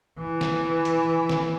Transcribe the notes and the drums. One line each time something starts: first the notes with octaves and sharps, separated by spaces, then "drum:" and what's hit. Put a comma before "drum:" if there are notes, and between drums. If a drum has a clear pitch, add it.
E3
drum: snare
drum: hi-hat
drum: snare